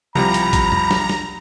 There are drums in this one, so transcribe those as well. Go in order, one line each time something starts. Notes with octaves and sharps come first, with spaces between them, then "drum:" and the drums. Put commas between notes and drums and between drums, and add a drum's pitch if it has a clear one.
C2 F3 G3 A#5 B5, drum: tom C3
drum: hi-hat
drum: kick, hi-hat
drum: tom F2
drum: snare
drum: snare